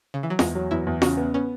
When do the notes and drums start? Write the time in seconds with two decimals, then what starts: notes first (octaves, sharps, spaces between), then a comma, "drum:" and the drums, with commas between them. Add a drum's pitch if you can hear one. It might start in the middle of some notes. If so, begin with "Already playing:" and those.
0.14 C#3
0.23 E3
0.30 F#3
0.39 E2 G#3, drum: snare F4
0.55 F#3
0.71 E2 E4
0.87 E2
1.02 C#3 F#4, drum: snare F4
1.17 B3
1.34 B3 C#4